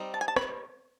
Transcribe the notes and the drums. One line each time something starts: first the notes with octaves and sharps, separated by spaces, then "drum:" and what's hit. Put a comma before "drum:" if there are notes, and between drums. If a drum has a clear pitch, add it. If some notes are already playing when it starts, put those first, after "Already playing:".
Already playing: G3 C4 D#4
A5
G#5
A5
B5, drum: rim click